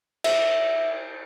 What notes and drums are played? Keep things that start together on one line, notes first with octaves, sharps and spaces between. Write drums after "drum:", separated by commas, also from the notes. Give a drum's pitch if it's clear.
E5, drum: cymbal